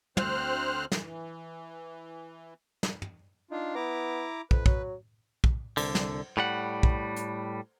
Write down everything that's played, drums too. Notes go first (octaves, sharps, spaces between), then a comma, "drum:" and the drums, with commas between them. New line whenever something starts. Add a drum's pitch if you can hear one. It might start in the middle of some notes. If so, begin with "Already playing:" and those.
D2 C4 C5 F6 F#6, drum: tom
E3, drum: snare
drum: snare
drum: tom
D4 D#4 F4
B3 E4 A#5 D6
F2 B4, drum: kick
F#3, drum: kick
drum: kick
C2 D3, drum: cymbal
drum: snare
A2 G3 F#5
drum: kick
drum: hi-hat